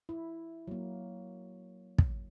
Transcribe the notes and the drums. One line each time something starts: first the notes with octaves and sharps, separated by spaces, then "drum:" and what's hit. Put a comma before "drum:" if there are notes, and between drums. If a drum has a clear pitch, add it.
E4
F#3 A#3
drum: kick